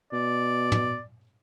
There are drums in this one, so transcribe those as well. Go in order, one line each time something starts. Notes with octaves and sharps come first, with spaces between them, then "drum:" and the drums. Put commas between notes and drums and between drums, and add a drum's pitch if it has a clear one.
B2 D5
drum: tom